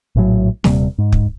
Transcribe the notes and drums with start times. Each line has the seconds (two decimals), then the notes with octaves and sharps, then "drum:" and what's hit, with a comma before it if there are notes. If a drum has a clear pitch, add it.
0.15 A#1 A2 F#3
0.64 D#1 C3 G3, drum: snare
0.98 G#2
1.12 drum: kick